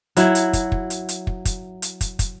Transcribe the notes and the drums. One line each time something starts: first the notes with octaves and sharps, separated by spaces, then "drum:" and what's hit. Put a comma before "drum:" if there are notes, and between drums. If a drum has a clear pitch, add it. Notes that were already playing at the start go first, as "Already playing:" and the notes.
F#3 E4, drum: hi-hat
drum: hi-hat
drum: kick, hi-hat
drum: kick
drum: hi-hat
drum: hi-hat
drum: kick
drum: kick, hi-hat
drum: hi-hat
drum: kick, hi-hat
drum: kick, hi-hat